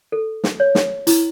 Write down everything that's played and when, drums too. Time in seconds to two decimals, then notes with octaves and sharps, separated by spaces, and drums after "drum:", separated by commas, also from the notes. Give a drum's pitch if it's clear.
0.12 A4
0.44 drum: snare
0.60 C#5
0.75 drum: snare
1.07 E4, drum: hi-hat